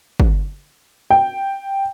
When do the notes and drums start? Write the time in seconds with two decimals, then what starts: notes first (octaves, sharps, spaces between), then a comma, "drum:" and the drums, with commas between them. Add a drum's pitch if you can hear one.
0.20 drum: kick
1.10 G5